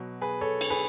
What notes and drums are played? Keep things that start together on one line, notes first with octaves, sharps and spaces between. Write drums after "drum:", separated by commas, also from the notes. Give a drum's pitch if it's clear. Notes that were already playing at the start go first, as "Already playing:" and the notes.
Already playing: B2 F#3
G#4 B4
A4 C#5
drum: cymbal
G#4 B4